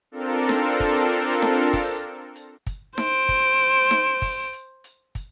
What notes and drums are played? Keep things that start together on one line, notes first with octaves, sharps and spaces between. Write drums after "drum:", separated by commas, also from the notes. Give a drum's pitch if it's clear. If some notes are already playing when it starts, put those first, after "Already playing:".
C4 D4 F4 A4 A#4
drum: snare D#4
drum: kick, hi-hat
drum: hi-hat
drum: snare D#4
drum: kick, open hi-hat
drum: hi-hat
drum: kick, hi-hat
C5 D7, drum: snare D#4
drum: kick, hi-hat
drum: hi-hat
drum: snare D#4
drum: kick, open hi-hat
drum: hi-hat
drum: hi-hat
drum: kick, hi-hat